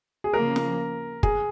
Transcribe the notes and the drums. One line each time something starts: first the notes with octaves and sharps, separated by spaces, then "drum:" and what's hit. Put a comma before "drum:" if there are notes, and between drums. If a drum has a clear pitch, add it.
G#4
C#3 F3 A#3 A#4
drum: snare
G#4, drum: kick